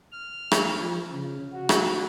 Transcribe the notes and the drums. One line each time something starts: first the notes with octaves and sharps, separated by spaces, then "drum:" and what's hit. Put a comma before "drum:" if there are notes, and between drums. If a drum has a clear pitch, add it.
F6
drum: rim click
F3
C#3
F#4
drum: rim click